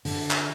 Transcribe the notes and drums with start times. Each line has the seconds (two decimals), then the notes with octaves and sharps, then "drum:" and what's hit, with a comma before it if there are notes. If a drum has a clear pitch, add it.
0.05 D3, drum: open hi-hat
0.31 drum: clap